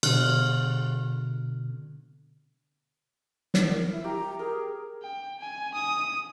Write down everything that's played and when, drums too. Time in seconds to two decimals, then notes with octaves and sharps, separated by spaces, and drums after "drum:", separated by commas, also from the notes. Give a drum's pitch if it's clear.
0.03 B2 D3 F6 F#6, drum: cymbal
3.54 drum: snare
3.68 A#4
3.91 E4
4.04 G4 A#5
4.39 G#4 A#4
5.02 G5
5.39 G#5
5.74 D#6